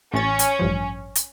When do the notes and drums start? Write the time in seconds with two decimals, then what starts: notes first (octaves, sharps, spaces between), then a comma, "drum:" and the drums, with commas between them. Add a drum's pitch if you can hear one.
0.14 A1 C#4 A6
0.39 drum: hi-hat
0.59 A1 G2 F3
1.15 drum: hi-hat